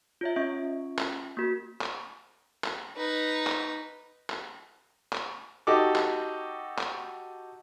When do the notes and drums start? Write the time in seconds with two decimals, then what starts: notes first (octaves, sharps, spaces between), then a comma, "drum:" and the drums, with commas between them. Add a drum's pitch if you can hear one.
0.21 F4 C#5 E5
0.36 C#4 F4 D#5 E5 C#6 D7
0.98 drum: clap
1.37 A#3 F#4 A#4
1.81 drum: clap
2.64 drum: clap
2.96 D#4 B4
3.47 drum: clap
4.30 drum: clap
5.13 drum: clap
5.67 D#4 F#4 G4 A4 D6
5.96 drum: clap
6.78 drum: clap